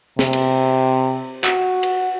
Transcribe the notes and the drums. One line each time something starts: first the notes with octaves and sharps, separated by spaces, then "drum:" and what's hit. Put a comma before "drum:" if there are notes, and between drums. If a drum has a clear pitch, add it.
C3, drum: snare
drum: cymbal
F#4, drum: clap
drum: cymbal